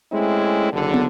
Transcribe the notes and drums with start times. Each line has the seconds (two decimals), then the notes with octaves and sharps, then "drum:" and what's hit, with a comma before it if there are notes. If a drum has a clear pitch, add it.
0.13 G#3 A3 C4 C#4 E4
0.73 F#1 D3
0.94 drum: tom